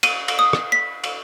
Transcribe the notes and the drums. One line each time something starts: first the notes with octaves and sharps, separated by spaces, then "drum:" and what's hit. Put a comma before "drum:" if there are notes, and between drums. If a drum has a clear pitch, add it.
D#7, drum: cymbal
drum: cymbal
D#6
drum: rim click
B6
drum: cymbal